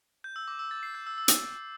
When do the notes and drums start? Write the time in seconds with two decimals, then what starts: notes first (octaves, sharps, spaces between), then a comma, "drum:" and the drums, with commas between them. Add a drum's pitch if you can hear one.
0.24 G6
0.36 E6
0.48 D6
0.59 E6
0.71 A6
0.83 C7
0.95 G6
1.07 E6
1.18 E6
1.28 drum: hi-hat